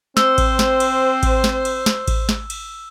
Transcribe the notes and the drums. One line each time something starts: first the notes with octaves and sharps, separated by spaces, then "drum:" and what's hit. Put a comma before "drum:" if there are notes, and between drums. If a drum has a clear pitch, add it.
C4 C5 E6, drum: snare
drum: kick A1, cymbal
drum: snare
drum: cymbal
drum: kick A1, cymbal
drum: snare
drum: cymbal
drum: snare
drum: kick A1, cymbal
drum: snare
drum: cymbal